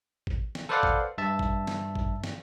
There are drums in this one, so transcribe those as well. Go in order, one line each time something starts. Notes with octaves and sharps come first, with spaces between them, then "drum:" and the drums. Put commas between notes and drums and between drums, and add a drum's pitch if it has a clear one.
drum: kick A1
drum: snare
A4 B4 C5 D5 F5 F#5
drum: kick A1
G2 E5 A5
drum: kick A1
drum: snare
drum: kick A1
drum: snare